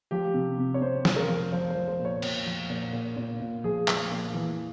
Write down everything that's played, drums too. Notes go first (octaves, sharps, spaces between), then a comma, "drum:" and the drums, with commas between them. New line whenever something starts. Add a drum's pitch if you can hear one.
F3 G4
C3
C3
C#5
C3 C5
F3, drum: snare
A#4
F3
F3 C5
F3 C5
C5
A#2
C#5
A#2, drum: cymbal
F3
A#2
A#2
A#2
A#2
F3 G#4
F3, drum: clap
A#2
E3